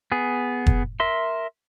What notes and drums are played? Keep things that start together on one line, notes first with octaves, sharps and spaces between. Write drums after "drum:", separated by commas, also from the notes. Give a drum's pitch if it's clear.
B3 G#4
drum: kick
A#4 E5 C6